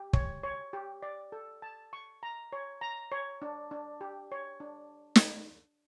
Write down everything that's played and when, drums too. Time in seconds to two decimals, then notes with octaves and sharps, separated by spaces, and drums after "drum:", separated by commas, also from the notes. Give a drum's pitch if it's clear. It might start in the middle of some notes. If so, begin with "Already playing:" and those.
Already playing: G4
0.13 C#5, drum: kick
0.43 C#5
0.73 G4
1.03 D5
1.32 A4
1.62 A5
1.93 C#6
2.23 A#5
2.53 C#5
2.81 A#5
3.12 C#5
3.42 D4
3.71 D4
4.01 G4
4.32 C#5
4.60 D4
5.16 drum: snare